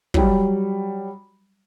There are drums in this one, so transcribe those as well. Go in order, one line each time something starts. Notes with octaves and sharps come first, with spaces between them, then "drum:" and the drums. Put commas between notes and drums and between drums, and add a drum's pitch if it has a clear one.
F#3 G3, drum: kick